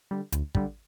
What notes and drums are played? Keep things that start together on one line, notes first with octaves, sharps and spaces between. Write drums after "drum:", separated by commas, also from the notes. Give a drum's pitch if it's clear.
D3 G3
D2, drum: hi-hat
D3 G3, drum: kick